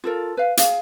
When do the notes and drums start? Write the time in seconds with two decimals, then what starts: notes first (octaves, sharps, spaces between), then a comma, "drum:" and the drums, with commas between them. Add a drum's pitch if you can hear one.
0.04 F4 A4 A#4
0.37 B4 F5
0.57 G#4 F5, drum: hi-hat